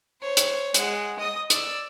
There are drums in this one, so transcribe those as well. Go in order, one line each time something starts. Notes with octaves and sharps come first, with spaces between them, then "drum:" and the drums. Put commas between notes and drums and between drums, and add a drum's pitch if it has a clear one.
C5 C#5
drum: hi-hat
G#3 F#5, drum: hi-hat
D#5 D#6
D5 E6, drum: hi-hat